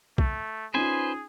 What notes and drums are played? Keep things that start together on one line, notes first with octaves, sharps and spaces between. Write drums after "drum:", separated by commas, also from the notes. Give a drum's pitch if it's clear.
A3, drum: kick
C#4 D#4 F4 G#4 B4 C5 G#5